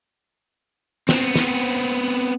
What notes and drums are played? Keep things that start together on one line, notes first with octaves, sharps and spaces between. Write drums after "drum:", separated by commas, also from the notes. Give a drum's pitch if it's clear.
B3 C4, drum: snare
drum: snare